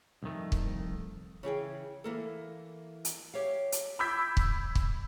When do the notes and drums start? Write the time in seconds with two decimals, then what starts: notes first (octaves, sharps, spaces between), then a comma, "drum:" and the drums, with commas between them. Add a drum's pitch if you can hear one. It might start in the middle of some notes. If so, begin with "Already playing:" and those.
0.23 C2 F2 D#3 A3
0.52 drum: kick
1.43 C#3 E3 G#4 G5
2.04 E3 A#3 A4
3.05 drum: hi-hat
3.34 G4 C#5 E5 F5
3.72 drum: hi-hat
3.99 B5 D6 E6 G6 G#6 B6
4.37 drum: kick
4.75 drum: kick